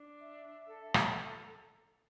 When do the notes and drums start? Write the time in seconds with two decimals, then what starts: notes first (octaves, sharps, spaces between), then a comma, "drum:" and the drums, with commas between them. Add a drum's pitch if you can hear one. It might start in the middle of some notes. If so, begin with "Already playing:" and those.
Already playing: D4
0.20 E5
0.67 A4
0.94 drum: rim click
1.12 A#5